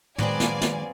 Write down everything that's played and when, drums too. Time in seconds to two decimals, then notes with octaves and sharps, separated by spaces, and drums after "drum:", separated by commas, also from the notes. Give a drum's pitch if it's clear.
0.18 D#3 F#3 G#3 B3 C4 D5 F5 G#5, drum: tom
0.40 drum: snare
0.61 drum: snare